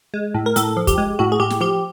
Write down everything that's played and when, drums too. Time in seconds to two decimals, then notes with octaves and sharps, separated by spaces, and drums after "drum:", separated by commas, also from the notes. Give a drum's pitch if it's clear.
0.14 G#3
0.34 A2
0.46 A#4
0.56 A2 A4, drum: hi-hat
0.77 F3
0.87 G4, drum: kick, hi-hat
0.98 G#3
1.19 A2 F#4
1.32 G#4
1.40 A2 G4
1.50 drum: snare
1.61 F3 G4